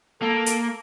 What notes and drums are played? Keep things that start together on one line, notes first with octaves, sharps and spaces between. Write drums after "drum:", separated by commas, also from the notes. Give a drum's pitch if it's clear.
A#3 A4
drum: hi-hat